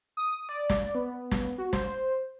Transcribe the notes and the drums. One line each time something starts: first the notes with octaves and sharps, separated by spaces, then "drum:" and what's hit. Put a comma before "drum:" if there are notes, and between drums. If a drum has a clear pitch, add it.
D#6
D5
drum: snare
B3
drum: snare
F#4
C5, drum: snare